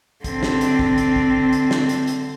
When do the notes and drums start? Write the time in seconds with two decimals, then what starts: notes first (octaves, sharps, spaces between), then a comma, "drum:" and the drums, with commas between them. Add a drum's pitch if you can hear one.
0.24 D3 C4, drum: kick, hi-hat
0.43 drum: snare
0.61 drum: hi-hat
0.79 drum: kick
0.98 drum: hi-hat
1.16 drum: kick
1.53 drum: hi-hat
1.71 drum: snare
1.89 drum: hi-hat
2.07 drum: hi-hat